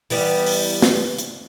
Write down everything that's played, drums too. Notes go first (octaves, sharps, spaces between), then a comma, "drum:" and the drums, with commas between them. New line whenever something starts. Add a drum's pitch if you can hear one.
E3 G3 B3, drum: open hi-hat
drum: open hi-hat
drum: snare
drum: hi-hat